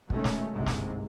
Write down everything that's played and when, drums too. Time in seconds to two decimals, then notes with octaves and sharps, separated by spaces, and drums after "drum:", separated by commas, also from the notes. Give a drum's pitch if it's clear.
0.10 B2 D#3 G#3 A3 C#4, drum: kick
0.24 drum: snare
0.52 G1 C2 G#2 C3 G#3 A#3
0.66 drum: snare